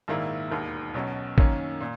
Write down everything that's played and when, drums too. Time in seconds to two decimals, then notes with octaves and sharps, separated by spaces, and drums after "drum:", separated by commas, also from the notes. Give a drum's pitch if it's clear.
0.08 A#1 G#2 D#3 A#3 E4
0.51 E1 D#2 D#3
0.94 B1 B2 F#3 C#4
1.38 F#2 D#3 A#3 C#4, drum: kick
1.81 A#2